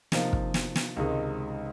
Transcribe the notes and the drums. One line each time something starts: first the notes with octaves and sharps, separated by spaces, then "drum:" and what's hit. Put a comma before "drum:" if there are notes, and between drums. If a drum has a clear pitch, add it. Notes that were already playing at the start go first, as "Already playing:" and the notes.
C3 F3 A#3 D#4, drum: snare
drum: kick
drum: snare
drum: snare
C#2 C3 D#3 G#3 D#4